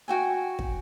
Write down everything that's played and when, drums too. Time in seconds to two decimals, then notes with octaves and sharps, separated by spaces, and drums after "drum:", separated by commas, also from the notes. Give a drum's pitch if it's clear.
0.08 F#4 G5 G#5
0.59 drum: kick